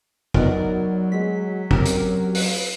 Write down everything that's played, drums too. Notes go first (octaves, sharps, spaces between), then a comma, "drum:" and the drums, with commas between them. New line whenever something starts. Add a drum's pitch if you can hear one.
F#3 B3 D#4 A#4 D5, drum: kick
G#3 B6
C4 C#4 G4 A#4 A#5, drum: kick
drum: hi-hat
B4, drum: open hi-hat